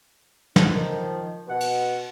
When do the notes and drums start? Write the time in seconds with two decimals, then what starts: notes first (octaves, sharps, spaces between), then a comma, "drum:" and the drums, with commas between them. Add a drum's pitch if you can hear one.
0.56 D3 F3 D4, drum: snare
0.74 D#3 F3
1.48 B2 F#5
1.60 drum: cymbal